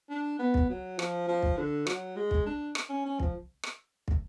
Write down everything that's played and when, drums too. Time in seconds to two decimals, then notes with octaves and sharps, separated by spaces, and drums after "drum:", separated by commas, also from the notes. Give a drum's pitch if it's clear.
0.10 D4
0.39 B3
0.54 drum: kick
0.69 F#3
0.99 F3, drum: rim click
1.28 F3
1.43 drum: kick
1.57 D3
1.87 F#3, drum: rim click
2.16 G#3
2.31 drum: kick
2.46 D4
2.75 drum: rim click
2.89 C#4
3.05 C#4
3.20 F3, drum: kick
3.63 drum: rim click
4.08 drum: kick